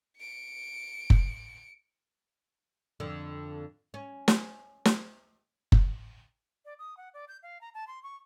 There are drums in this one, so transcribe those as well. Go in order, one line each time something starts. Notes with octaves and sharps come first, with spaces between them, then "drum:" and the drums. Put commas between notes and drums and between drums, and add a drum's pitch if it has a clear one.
C#7 D7
drum: kick F#1
F2 D3
C#4
drum: snare
drum: snare
drum: kick F#1
D5
D#6
F#5
D5
G6
F5
A#5
A5
C6
C#6